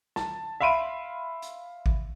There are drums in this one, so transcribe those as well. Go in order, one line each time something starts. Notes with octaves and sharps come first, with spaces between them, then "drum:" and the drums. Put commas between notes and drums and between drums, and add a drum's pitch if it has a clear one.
A5, drum: snare
E5 F5 B5 C6 D7 D#7
drum: hi-hat
drum: kick G#1